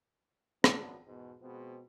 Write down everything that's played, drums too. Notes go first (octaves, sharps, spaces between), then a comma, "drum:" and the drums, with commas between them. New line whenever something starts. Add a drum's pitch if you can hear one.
G#1 F#2 F3 B3 D4, drum: rim click
E2 G#2 B2
B2 F3 G#3 B3 C4